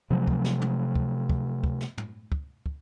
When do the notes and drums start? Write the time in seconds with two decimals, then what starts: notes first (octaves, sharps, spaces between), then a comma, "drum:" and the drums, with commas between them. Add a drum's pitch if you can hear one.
0.10 C3 F3 F#3 A3
0.27 drum: kick
0.44 drum: snare
0.61 drum: tom
0.96 drum: kick
1.30 drum: kick
1.64 drum: kick
1.81 drum: snare
1.98 drum: tom
2.32 drum: kick
2.66 drum: kick